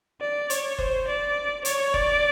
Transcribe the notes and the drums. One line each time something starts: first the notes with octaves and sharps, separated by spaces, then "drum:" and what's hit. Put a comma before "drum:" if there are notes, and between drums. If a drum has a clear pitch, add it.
D5
C#5, drum: hi-hat
C5, drum: kick F#1
D5
C#5, drum: hi-hat
D5, drum: kick F#1